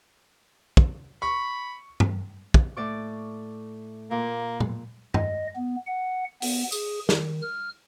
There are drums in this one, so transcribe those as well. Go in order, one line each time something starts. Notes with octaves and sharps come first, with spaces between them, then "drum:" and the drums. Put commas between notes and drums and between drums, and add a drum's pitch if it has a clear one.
drum: kick
B5 C#6
drum: tom G2
drum: kick
A2 D5 C#6
A#2 A#3
drum: tom A#2
D#5, drum: tom G2
B3
F#5
B3, drum: open hi-hat
G#4, drum: tambourine
D#3, drum: snare
F6